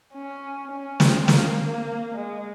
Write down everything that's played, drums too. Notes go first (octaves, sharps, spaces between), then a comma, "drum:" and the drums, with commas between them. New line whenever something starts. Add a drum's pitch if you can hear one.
C#4
C#4
C4, drum: snare
A#3, drum: snare
G#3